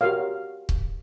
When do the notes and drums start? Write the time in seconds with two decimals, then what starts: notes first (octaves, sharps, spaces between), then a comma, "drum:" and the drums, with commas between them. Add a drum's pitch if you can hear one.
0.01 F#4 G4 A#4 C#5 F5
0.69 drum: kick